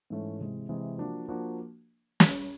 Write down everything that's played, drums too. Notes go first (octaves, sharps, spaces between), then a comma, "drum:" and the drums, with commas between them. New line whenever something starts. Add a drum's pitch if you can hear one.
G#2 E3 A3 C#4
C3 E3 G#3
C3 E3 G#3
F3 A#3 D4 F#4
F3 A#3 D4 F#4
drum: snare